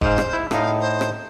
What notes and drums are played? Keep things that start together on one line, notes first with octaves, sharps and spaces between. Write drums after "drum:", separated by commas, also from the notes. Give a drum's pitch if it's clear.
G#2 C5 F5, drum: kick
drum: rim click
E4
A2 D#4 F5, drum: rim click
C5
drum: rim click